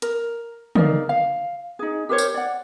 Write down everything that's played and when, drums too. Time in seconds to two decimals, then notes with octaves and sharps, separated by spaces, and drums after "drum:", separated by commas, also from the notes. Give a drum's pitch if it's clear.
0.02 A#4, drum: hi-hat
0.75 D#4 A#4 D5 F5, drum: tom
1.09 F5
1.79 D#4 G#4
2.09 G4 A#4 C5 C#5
2.18 drum: tambourine
2.34 D5 F#5